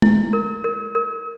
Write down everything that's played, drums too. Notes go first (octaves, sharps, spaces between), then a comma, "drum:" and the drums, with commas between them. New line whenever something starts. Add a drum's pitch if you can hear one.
E4, drum: tom G#3
A#4
A#4
A#4